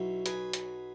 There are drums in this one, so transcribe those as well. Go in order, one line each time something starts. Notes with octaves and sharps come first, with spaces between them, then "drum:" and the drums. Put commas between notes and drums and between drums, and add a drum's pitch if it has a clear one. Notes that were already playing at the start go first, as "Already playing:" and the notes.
Already playing: B1 B2 F#3 E4
G#4 B4, drum: hi-hat
drum: hi-hat